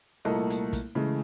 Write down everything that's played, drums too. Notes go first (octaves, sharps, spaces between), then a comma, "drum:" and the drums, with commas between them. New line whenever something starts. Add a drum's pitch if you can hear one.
C2 A#2 A3 A#3 A4 D#5
drum: hi-hat
drum: kick, hi-hat
C#3 E3 G#3 A3